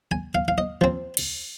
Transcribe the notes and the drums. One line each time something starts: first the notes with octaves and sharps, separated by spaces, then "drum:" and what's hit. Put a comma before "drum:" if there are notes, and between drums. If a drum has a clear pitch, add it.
G#5
F5
F5
D#5
F3 C4
drum: cymbal